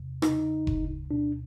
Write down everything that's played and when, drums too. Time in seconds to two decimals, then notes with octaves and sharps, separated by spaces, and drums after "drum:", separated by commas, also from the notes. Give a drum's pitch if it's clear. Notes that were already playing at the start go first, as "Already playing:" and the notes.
Already playing: E2 C3
0.22 C#3 D#4, drum: rim click
0.67 D2, drum: kick F1
1.11 B2 D4